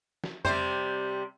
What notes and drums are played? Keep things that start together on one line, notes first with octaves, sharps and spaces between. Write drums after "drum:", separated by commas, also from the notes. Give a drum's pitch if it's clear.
drum: snare
C3 G3 C5, drum: tom F2